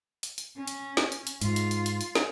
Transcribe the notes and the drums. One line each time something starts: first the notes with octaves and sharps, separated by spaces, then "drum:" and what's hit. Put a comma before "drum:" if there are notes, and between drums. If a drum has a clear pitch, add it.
drum: hi-hat
drum: hi-hat
C#4
drum: hi-hat
drum: snare
drum: hi-hat
drum: hi-hat
G#2 F4, drum: hi-hat
drum: hi-hat
drum: hi-hat
drum: hi-hat
drum: hi-hat
drum: snare